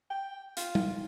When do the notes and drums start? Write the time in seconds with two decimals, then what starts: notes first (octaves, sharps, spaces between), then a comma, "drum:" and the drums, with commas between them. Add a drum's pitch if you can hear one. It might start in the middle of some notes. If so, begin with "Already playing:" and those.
0.10 G5
0.57 F4, drum: hi-hat
0.75 drum: tom